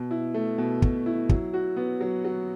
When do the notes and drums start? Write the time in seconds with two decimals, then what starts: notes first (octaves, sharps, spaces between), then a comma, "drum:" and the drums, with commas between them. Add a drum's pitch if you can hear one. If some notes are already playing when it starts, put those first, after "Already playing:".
Already playing: B2
0.11 E4
0.34 A3
0.58 B2
0.82 B2, drum: kick
1.06 E4
1.29 F#3, drum: kick
1.54 F#4
1.77 B3
2.01 F#3
2.24 F#3